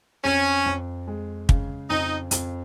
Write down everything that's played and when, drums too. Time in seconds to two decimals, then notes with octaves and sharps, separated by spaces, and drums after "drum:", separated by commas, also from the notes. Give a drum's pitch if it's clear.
0.24 F2 C#4
0.66 F2
1.08 G#3
1.49 C#3, drum: kick
1.90 F2 D#4
2.31 F2, drum: hi-hat